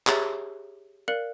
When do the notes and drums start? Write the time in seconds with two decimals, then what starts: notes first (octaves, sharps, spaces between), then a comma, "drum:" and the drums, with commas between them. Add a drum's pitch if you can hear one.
0.07 G4 G#4 C#5 E5 A#5 A6, drum: clap
1.08 A#4 D5 F5 F#6 C#7 F#7